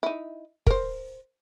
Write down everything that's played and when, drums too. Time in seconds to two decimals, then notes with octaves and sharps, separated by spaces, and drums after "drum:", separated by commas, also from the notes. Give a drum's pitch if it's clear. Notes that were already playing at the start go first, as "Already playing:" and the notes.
0.03 D#4 E4
0.67 A#4 C5, drum: kick